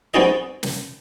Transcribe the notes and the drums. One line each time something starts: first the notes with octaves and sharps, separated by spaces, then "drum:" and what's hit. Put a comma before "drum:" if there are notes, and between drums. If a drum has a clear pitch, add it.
G3 C4 D#4 F#4 G#4 D#5
drum: snare